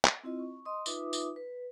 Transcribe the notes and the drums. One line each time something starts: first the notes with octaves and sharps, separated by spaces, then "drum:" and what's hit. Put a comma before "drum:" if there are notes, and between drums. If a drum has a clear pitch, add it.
drum: clap
C4 E4 F4 D#5
C#6
D#5 C6 D#6
D#4 F4 B4 E5 D6 D#6, drum: tambourine
drum: tambourine
B4